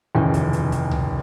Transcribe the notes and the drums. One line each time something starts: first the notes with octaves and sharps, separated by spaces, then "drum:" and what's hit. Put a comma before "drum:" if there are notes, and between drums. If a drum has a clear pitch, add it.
F1 D#2 C#3 E3 C#4
drum: kick, hi-hat
drum: hi-hat
drum: kick, hi-hat
drum: tom C2